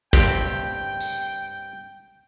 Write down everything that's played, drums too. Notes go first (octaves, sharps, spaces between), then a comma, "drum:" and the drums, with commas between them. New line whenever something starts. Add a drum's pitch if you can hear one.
G2 C4 G4 G5, drum: kick
drum: tambourine